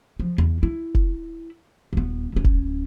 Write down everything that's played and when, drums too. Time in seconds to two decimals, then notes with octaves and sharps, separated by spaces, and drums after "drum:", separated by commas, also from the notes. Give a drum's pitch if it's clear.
0.20 F3
0.38 E2
0.63 E4
0.95 drum: kick F1
1.93 D#1 B3
2.33 D1 C#4
2.44 drum: kick F1